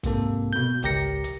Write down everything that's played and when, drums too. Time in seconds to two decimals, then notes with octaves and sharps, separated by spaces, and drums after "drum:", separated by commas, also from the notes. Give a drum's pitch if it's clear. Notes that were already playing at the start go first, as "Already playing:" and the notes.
0.03 G#2 C3 A#3 A4, drum: kick, hi-hat
0.53 B2 G6
0.83 G#1 C#2 G4 A#4 A#6 C#7, drum: hi-hat
1.24 drum: hi-hat